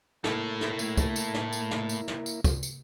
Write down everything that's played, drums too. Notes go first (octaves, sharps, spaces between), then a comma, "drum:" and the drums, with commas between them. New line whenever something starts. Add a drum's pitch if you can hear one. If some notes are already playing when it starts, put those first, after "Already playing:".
A2 A3 A#3 E4, drum: snare
drum: snare
drum: tambourine
drum: kick, tambourine
drum: tambourine
drum: snare
drum: tambourine
drum: snare
drum: tambourine
drum: snare
drum: tambourine
drum: kick, tambourine
drum: tambourine